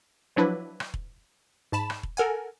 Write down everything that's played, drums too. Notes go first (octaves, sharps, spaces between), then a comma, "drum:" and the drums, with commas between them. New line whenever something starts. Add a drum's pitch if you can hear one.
F3 F#3 D4 E4 B4
drum: rim click
drum: kick E1
G#2 A5 B5 E7
drum: rim click
drum: kick E1
A4 A#4 F#5 G#5